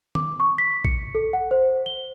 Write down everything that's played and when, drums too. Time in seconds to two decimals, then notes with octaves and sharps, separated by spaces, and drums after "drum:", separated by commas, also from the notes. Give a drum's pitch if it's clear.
0.15 D6, drum: tom D#3
0.40 C#6
0.58 B6
0.85 C#7, drum: kick A#1
1.15 A4
1.33 F#5
1.51 C5
1.86 G7